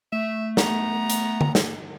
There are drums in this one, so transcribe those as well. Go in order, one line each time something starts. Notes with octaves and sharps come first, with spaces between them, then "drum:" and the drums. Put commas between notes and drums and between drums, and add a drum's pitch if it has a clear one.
A3 E5
B3 A#5, drum: snare
drum: hi-hat
drum: tom D3
drum: snare